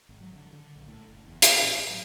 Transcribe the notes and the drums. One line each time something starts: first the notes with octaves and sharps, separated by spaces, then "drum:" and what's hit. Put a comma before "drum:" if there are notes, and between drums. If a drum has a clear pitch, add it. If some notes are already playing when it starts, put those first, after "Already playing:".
G#1
F#3
D3
D3
A#1
A2
F#1
E2
C#4, drum: hi-hat
A2
G#1
F#3